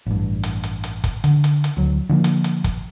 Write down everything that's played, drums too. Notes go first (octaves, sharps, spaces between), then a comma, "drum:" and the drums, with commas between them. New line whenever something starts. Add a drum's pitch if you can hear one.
A1 G2
drum: hi-hat
drum: hi-hat
drum: hi-hat
drum: kick, hi-hat
D3, drum: hi-hat
drum: hi-hat
drum: hi-hat
D2 F#3
D3 F3 G#3 A#3
drum: hi-hat
drum: hi-hat
drum: kick, hi-hat